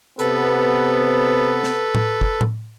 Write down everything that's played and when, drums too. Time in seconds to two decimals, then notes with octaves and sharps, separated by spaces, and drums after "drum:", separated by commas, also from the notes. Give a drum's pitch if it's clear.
0.19 C3 B3 A4 B4, drum: hi-hat
1.63 drum: snare
1.95 drum: tom A2
2.21 drum: kick
2.41 drum: tom A2